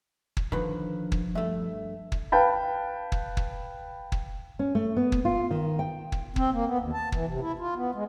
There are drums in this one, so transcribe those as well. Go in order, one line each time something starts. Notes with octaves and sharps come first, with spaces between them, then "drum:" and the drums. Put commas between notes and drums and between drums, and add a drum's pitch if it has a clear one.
drum: kick
D3 D#3 F3 B4
drum: kick
G2 A3 E5
drum: kick
B4 F5 G5 A5 B5
drum: kick
drum: kick
drum: kick
C#4
A3
B3
drum: kick
F4
D#3
G5
drum: kick
C4, drum: kick
A#3
B3
D#2
A5
E3, drum: kick
C3
E4
F4
B3
G#3